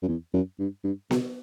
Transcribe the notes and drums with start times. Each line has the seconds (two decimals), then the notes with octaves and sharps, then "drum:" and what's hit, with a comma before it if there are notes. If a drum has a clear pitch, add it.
0.02 F#2
0.08 E2
0.33 F#2
0.59 G2
0.84 G2
1.11 B2, drum: snare B3